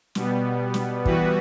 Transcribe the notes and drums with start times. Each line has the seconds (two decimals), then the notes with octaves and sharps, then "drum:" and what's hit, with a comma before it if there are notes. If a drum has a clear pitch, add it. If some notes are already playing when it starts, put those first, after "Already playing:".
0.15 B2 G3 B3, drum: snare
0.74 drum: snare
1.05 E3 G3 B3 F#4 B4, drum: kick